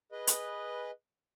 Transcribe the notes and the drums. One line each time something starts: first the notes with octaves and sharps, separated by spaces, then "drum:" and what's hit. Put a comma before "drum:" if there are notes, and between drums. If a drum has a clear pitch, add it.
G#4 B4 D#5
drum: hi-hat